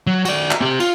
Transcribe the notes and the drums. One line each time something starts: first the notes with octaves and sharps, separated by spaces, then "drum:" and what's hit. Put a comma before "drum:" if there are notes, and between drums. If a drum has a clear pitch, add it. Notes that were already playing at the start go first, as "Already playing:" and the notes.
F#3
F#4 D5, drum: cymbal
drum: clap
C4 G4
F4, drum: cymbal